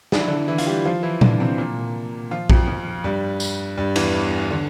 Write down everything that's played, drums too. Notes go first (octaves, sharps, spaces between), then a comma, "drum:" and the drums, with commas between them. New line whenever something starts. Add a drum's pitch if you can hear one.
D4, drum: snare
E4
D3 D4
E3 E4
F4, drum: hi-hat
G3 G4
F3 F4
E3 E4
D3 D4, drum: tom A#2
C3 C4
A#2 A#3
F3 F4
F2 F3, drum: kick A#1
F2 F3
G2 G3
drum: tambourine
G2 G3
E2 E3, drum: cymbal
D3